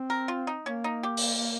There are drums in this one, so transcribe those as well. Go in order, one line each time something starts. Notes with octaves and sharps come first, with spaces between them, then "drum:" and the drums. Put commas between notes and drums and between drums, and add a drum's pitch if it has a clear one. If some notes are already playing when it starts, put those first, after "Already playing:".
Already playing: C4
A#4
F4
D#4
A#3 C#4
D#4
G4
drum: open hi-hat